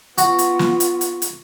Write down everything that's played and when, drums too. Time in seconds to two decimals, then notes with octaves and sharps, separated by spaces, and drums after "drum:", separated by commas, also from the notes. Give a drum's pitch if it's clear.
0.18 B3 F4 F#4, drum: hi-hat
0.39 drum: hi-hat
0.59 drum: snare
0.80 drum: hi-hat
1.01 drum: hi-hat
1.22 drum: hi-hat